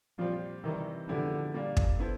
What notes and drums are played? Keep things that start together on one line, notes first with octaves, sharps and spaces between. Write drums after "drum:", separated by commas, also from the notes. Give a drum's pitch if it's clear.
A#2 F3 G3 C4
C3 D#3 E3 G3
D3 F3 G#3 B3 E4 G4
A#2 G3 A#3 D4 F4
drum: kick
B3 E4 A4 C5